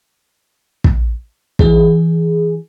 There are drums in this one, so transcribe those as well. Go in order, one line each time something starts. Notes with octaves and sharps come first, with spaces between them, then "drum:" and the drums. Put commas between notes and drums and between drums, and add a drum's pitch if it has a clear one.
drum: kick
E3 G#4, drum: kick